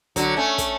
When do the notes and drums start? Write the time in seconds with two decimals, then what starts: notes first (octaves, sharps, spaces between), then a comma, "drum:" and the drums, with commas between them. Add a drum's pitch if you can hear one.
0.16 D3 F#3, drum: kick, hi-hat
0.37 A3 C#4
0.58 drum: kick, hi-hat